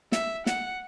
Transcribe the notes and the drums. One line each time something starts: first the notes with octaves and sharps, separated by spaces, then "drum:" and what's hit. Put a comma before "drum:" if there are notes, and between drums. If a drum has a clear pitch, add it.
E5, drum: snare
F#5, drum: snare